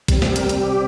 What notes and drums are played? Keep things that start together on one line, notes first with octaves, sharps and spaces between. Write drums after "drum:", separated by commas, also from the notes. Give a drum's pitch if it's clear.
C3 G3 C4, drum: kick A#1, hi-hat
drum: snare
A#4, drum: hi-hat
drum: hi-hat
G4